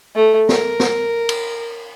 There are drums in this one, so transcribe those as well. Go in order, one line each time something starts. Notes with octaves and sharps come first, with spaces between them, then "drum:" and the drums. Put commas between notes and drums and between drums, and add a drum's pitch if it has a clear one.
A3
A#4, drum: snare
drum: snare
drum: cymbal